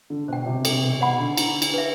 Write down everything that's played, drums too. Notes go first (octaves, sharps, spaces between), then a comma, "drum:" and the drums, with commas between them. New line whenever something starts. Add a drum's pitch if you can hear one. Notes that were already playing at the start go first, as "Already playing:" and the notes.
D3
B2 C5 G5
C3
C3 A4, drum: cymbal
B2
B2 D5 F#5 B5
D3
E4, drum: cymbal
drum: cymbal
B4 E5